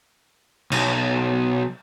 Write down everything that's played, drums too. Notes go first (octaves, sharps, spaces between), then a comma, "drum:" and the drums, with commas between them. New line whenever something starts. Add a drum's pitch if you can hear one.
B1, drum: cymbal